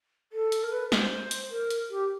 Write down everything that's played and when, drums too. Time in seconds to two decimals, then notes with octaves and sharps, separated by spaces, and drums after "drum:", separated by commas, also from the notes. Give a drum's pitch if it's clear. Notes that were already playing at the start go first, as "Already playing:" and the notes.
0.32 A4
0.52 drum: hi-hat
0.63 A#4
0.72 B4
0.92 C5, drum: snare
1.11 C5
1.31 drum: hi-hat
1.51 A#4
1.70 drum: hi-hat
1.90 G4